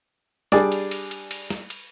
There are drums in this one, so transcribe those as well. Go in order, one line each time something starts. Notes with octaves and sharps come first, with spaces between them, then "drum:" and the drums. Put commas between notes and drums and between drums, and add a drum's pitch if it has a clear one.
G3 D4 G#4 D5, drum: snare
drum: cymbal
drum: cymbal
drum: cymbal
drum: cymbal
drum: snare
drum: cymbal